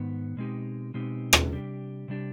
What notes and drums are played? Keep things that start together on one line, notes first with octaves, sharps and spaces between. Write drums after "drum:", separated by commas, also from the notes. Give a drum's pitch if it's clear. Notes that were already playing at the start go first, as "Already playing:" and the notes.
Already playing: G#2 D#3 B3
B2 G#3 C4 D#4 G4
B2 G#3 C4 D#4 G4
drum: rim click
C3 G3 D4 G4
C3 G3 D4 G4